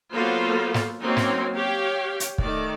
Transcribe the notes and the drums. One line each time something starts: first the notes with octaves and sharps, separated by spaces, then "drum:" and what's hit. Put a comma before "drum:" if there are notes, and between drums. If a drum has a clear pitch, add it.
F#3 A#3 B3 F4 A4 C5
drum: snare
F#3 A#3 C4 C#4 D#4
drum: snare
G4 C#5 F5 G5
drum: hi-hat
D#3 A3 D5, drum: kick